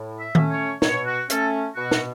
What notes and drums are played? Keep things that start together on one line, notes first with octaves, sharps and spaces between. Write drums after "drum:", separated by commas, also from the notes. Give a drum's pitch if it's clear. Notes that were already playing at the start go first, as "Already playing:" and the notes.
Already playing: A2
E5
A3 C#4, drum: tom D#3
C#5
B2 C#5, drum: snare
F#4
A3 C#4 A4, drum: hi-hat
B2 F#4
drum: snare